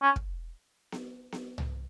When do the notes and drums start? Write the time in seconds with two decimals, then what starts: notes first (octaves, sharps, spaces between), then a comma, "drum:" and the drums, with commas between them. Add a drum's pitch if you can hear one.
0.02 C#4
0.16 drum: kick
0.92 drum: snare B3
1.32 drum: snare B3
1.58 drum: tom C2